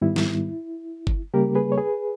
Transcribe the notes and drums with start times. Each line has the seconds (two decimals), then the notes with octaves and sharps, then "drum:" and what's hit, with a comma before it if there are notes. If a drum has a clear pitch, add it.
0.01 G#2 D#3 G3 B3 E4
0.16 drum: snare
1.07 drum: kick G1
1.34 C#3 G3 A#3 G4 A#4
1.55 G#4 B4
1.72 C#5
1.78 G#4 B4